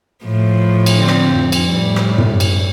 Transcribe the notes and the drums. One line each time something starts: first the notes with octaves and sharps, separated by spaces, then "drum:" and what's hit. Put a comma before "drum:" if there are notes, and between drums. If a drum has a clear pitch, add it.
A2 F3
drum: cymbal
D3 C4
drum: rim click
F2
drum: cymbal
A2 G3
drum: rim click
drum: tom
drum: cymbal